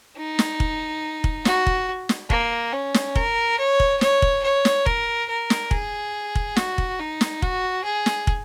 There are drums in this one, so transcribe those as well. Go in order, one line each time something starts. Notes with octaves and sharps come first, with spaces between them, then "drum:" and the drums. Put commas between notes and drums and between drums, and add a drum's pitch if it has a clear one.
D#4
drum: snare
drum: kick
drum: kick
F#4, drum: snare
drum: kick
drum: snare
A#3, drum: kick
C#4
drum: snare
A#4, drum: kick
C#5
drum: kick
C#5, drum: snare
drum: kick
C#5
drum: snare
A#4, drum: kick
A#4
drum: snare
G#4, drum: kick
drum: kick
F#4, drum: snare
drum: kick
D#4
drum: snare
F#4, drum: kick
G#4
drum: snare
drum: kick